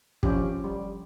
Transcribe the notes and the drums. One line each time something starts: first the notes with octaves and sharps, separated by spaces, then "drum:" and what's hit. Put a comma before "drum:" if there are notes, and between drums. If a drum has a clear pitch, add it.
F3 C#4 G4, drum: kick
G3